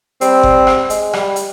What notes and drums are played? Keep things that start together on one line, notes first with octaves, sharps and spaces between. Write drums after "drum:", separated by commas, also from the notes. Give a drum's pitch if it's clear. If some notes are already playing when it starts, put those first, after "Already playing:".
G3 C4, drum: hi-hat
G3, drum: kick F#1
drum: rim click
G#3, drum: hi-hat
G3, drum: rim click
drum: hi-hat